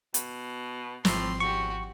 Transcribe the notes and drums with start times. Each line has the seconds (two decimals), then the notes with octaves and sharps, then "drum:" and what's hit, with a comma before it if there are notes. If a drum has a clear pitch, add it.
0.14 B2, drum: hi-hat
1.05 G#1 A2 F3 C4 C6, drum: snare
1.40 E2 F#4 G4 C#6